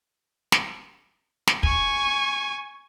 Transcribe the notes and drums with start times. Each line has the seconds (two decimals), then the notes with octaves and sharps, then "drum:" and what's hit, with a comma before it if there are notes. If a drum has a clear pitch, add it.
0.52 drum: snare
1.47 drum: snare
1.63 G#5 C#6, drum: kick